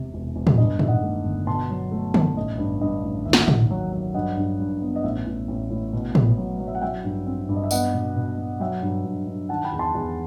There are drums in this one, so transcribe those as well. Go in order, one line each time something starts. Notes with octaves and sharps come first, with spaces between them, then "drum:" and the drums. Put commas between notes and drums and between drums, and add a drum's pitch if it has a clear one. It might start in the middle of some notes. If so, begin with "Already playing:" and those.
Already playing: E1 C3
E1
E1
drum: tom A2
G2 D#5
D#3 E5, drum: tom A2
D#5 F#5
A3
G1
B2 A5 C6
F#3
A3
B1, drum: tom D3
A1 D#5
G2
G2 D#5
A1
D#2 E5
F#5, drum: snare
E5
D#3, drum: tom A2
F#3
F#3
G2 D#5 F#5
G2
G2
B3
D#5
A1 E5
A1
A1
A2
B2
B3, drum: tom A2
F#3
F#3
E5
F#5
F#3 E5 G5
G2
C4
G2
D#5
E5
B3 D#5 F#5, drum: tambourine
B2
B2
B2
F#3 E5 G5
G2
G2
G2
D#3 F#5 A5
G5 B5
E2
A5 C6
E2